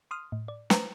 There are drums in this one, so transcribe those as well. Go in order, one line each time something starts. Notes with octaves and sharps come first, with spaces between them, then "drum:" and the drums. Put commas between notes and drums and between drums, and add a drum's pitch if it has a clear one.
C6 D#6 F6
A2
D5
A3 B4 C5 A#5, drum: snare